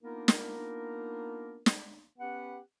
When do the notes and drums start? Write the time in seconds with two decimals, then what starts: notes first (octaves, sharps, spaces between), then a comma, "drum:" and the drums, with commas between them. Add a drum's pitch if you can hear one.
0.03 A#3 B3 D4 D#4 F4 A#4
0.28 drum: snare
1.66 drum: snare
2.19 B3 C#4 G4 B4 F#5